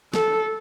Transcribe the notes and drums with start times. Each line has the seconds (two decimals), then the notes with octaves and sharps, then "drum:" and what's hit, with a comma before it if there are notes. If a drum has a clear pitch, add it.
0.13 A4, drum: snare